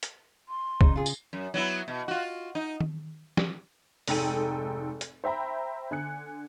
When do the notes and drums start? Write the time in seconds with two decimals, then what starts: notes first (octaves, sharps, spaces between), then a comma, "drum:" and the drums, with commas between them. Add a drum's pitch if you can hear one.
0.03 drum: hi-hat
0.48 C6
0.81 C#3 D#4, drum: kick
0.96 F4 G#4
1.06 drum: tambourine
1.33 F#2
1.54 F#3 B3 E4
1.88 B2
2.08 F4 F#4
2.55 D#4
2.81 drum: tom D#3
3.37 drum: snare
4.08 F1 G#2 D#4 A4 G5 D#7, drum: open hi-hat
5.01 drum: hi-hat
5.24 C5 E5 G5 A#5 B5
5.91 D3 G#5 F#6 C#7